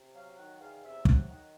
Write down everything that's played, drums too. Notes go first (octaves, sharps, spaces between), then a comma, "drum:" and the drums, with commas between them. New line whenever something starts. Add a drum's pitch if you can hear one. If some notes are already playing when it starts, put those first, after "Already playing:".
Already playing: C3
F#3 F5
D#3 F#5
E2 F5
C3 E5
F#3 F#5, drum: kick
D#3 F#5